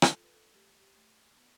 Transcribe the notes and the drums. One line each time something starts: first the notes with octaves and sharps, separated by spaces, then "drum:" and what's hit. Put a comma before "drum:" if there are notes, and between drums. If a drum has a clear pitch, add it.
drum: rim click
F4 A4
B4
A4
A3 G4
G4
A3
B3